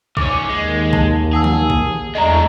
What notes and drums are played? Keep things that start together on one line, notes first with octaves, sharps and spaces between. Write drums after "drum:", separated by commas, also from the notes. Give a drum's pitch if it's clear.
G#2 C#4 D6, drum: kick
D#2 G#3
A5, drum: kick
G#4 F#5 A5 E6
drum: tom E3
drum: kick
E2 G#3 A3 D4 D#5 A#5